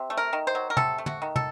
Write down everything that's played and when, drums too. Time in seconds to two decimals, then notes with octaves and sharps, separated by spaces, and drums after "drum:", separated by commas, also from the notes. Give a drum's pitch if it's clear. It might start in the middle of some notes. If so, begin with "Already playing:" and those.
Already playing: C3
0.10 A3
0.17 A#4
0.33 D#3
0.47 C5
0.55 F#3
0.70 A#4
0.77 C3 A4, drum: tom
0.98 A3
1.06 F#4, drum: tom
1.22 D#3
1.36 A4, drum: tom